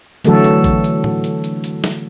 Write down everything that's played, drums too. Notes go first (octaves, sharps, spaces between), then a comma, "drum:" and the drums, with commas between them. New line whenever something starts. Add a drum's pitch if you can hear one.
D3 E3 F#3 A3 F#4 A4, drum: hi-hat
drum: hi-hat
drum: kick A#1, hi-hat
drum: hi-hat
drum: tom A2
drum: hi-hat
drum: hi-hat
drum: hi-hat
drum: snare